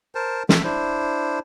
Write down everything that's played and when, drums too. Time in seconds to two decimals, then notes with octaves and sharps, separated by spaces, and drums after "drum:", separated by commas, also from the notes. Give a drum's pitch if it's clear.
0.15 A#4 C5 A5
0.49 A3 E5, drum: snare
0.64 D4 E4 C5